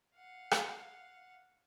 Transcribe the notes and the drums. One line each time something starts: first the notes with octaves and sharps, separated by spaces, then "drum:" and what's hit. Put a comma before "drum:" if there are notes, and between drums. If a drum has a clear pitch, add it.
F5 F#5
drum: rim click